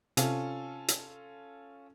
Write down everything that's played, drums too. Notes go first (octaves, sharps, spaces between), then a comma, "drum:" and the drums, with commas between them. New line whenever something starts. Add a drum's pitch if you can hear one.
C3 C#4 F4 A4, drum: hi-hat
drum: hi-hat